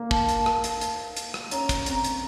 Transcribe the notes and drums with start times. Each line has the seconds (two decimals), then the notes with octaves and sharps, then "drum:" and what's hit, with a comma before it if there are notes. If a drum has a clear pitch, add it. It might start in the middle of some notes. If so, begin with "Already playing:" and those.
Already playing: A#3
0.11 A5, drum: kick
0.29 drum: hi-hat
0.46 drum: rim click
0.64 drum: hi-hat
0.81 drum: hi-hat
1.17 drum: hi-hat
1.34 drum: rim click
1.51 C#4 A#5, drum: hi-hat
1.69 drum: kick, hi-hat
1.86 C4, drum: hi-hat
2.04 drum: hi-hat